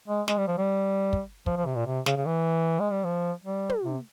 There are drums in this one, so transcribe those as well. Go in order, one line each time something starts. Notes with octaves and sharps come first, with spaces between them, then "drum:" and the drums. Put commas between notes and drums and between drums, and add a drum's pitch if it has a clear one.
G#3
G#3, drum: snare
G3
F3
G3
drum: kick
F3, drum: kick
F3
C3
A#2
C3
C#3, drum: snare
C#3
E3
G#3
G3
F3
G3
drum: tom
C3